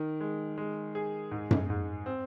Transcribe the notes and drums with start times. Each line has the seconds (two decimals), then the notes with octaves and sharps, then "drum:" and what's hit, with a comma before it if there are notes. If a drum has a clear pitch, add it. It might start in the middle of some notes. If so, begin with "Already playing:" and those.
Already playing: D#3
0.21 G#3
0.58 G#3
0.95 G#4
1.31 G#2
1.51 drum: tom F#2
1.70 G#2
2.06 C4